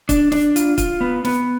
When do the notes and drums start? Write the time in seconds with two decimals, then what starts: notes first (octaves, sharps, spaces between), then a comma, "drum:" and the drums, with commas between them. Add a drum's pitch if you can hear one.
0.09 D4, drum: kick, hi-hat
0.32 D4, drum: snare
0.56 F4, drum: hi-hat
0.78 F4, drum: kick, hi-hat
1.01 B3
1.25 B3, drum: snare